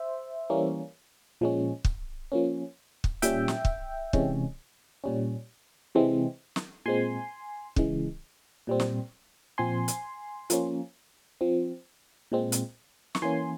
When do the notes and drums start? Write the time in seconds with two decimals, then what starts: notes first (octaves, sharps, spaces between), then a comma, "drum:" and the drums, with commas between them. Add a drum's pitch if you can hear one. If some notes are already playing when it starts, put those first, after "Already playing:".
Already playing: C5 E5
0.50 E3 G3 A#3 C#4
1.41 A#2 F3 G#3 C#4
1.85 drum: kick
2.32 F3 A#3 C#4
3.04 drum: kick
3.22 A#2 G3 C#4 E5 G5, drum: hi-hat
3.48 drum: snare
3.65 drum: kick
4.13 C3 E3 G#3 C#4, drum: kick
5.04 A#2 G3 C#4
5.95 C3 E3 G#3 C4
6.56 drum: snare
6.86 A#2 G#3 C4 G#5 C6
7.76 C#3 E3 G#3, drum: kick
8.67 A#2 G3 C4
8.80 drum: snare
9.58 A#2 F3 C4 G#5 C6
9.88 drum: hi-hat
10.50 F3 A#3 C#4, drum: hi-hat
11.41 F3 C4
12.32 A#2 G#3 C4
12.52 drum: hi-hat
13.15 C#6, drum: snare
13.22 E3 A#3 C#4 G#5 C6